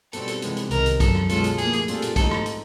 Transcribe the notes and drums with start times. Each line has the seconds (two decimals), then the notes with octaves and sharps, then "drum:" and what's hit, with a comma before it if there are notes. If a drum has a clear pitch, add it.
0.13 B2 G3 C4 A4, drum: hi-hat
0.28 drum: hi-hat
0.42 C3 E3 G#3 B3, drum: hi-hat
0.57 drum: hi-hat
0.71 C2 C3 D#3 A#4, drum: hi-hat
0.86 drum: hi-hat
1.00 F#2 D3 F#3 A4, drum: kick, hi-hat
1.15 drum: rim click
1.29 B2 G#3 C#4 F4 A4, drum: hi-hat
1.44 drum: hi-hat
1.58 A2 F3 A#3 G#4, drum: hi-hat
1.73 drum: hi-hat
1.88 A#2 G3 C4 F4 A4, drum: hi-hat
2.02 drum: hi-hat
2.16 G#2 F3 A3 C4 D#4 A4, drum: kick, hi-hat
2.31 drum: rim click
2.46 drum: hi-hat